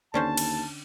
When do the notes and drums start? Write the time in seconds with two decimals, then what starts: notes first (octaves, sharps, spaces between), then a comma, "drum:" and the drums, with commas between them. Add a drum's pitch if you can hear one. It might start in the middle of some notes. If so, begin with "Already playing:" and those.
0.14 D#2 D3 C#4 C5 A5
0.37 drum: cymbal